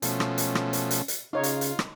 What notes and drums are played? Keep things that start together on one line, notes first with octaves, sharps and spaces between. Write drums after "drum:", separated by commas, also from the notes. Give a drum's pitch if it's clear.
B2 F3 A3 C#4, drum: hi-hat
drum: rim click
drum: hi-hat
drum: rim click
drum: hi-hat
drum: hi-hat
drum: hi-hat
C#3 D#4 F4 C#5
drum: hi-hat
drum: hi-hat
drum: rim click